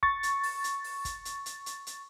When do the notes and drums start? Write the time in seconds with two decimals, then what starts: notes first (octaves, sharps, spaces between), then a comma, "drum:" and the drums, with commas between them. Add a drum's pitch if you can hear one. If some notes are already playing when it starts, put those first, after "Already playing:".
0.03 C#6 A6, drum: kick
0.23 drum: hi-hat
0.44 drum: open hi-hat
0.64 drum: hi-hat
0.84 drum: open hi-hat
1.05 drum: kick, hi-hat
1.25 drum: hi-hat
1.46 drum: hi-hat
1.66 drum: hi-hat
1.87 drum: hi-hat